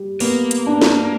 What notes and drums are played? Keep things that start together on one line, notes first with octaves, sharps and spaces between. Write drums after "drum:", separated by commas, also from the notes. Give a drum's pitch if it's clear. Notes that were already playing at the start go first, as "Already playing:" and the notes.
Already playing: G3
A#3 B3, drum: open hi-hat
drum: hi-hat
D4
drum: snare